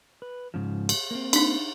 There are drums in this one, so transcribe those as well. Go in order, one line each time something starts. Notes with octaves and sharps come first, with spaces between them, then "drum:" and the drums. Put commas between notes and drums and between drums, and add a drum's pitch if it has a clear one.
B4
G#2 C#3 F3
drum: cymbal
A#3 C4
D4 D#4, drum: cymbal